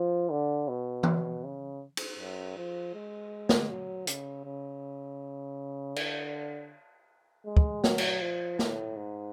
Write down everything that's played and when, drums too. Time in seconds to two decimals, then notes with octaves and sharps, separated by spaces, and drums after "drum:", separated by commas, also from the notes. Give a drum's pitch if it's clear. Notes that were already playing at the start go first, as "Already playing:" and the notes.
Already playing: F3
0.31 D3
0.68 B2
1.03 drum: tom E3
1.44 C#3
1.97 drum: cymbal
2.19 F#2
2.56 F3
2.95 G#3
3.49 drum: snare
3.70 F#3
4.07 C#3, drum: hi-hat
4.45 C#3
5.96 D3, drum: cymbal
7.47 G#3
7.57 drum: kick
7.84 F#3, drum: snare
7.98 drum: cymbal
8.21 F3
8.59 A2, drum: snare
8.97 G#2